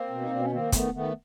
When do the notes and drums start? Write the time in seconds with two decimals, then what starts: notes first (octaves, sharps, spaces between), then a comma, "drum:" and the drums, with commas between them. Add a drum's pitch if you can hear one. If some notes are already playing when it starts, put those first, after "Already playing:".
Already playing: A#3 C4
0.10 B2
0.21 D#4
0.31 B2 D4
0.41 C#4
0.52 D#3 A#3 C4
0.72 D#3 A3 B3, drum: kick, hi-hat
0.93 D#3 A3 B3